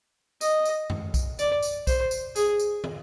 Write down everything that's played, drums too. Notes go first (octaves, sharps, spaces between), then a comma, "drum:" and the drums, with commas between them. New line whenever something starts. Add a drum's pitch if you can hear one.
D#5, drum: tambourine
drum: tambourine
drum: tom F#2
drum: kick B1, tambourine
D5, drum: tambourine
drum: tambourine
C5, drum: kick B1, tambourine
drum: tambourine
G#4, drum: tambourine
drum: tambourine
drum: tom